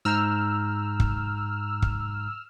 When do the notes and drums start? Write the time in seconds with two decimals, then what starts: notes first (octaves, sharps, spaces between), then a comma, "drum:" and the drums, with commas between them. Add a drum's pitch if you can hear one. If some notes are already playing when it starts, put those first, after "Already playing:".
0.05 G#2 A#5 E6 F6 G6
1.00 drum: kick
1.82 drum: kick